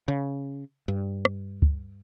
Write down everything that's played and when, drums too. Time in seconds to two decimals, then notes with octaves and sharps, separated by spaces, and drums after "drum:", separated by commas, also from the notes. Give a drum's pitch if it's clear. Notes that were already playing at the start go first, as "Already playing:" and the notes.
0.08 C#3
0.88 G2
1.25 drum: rim click
1.62 drum: kick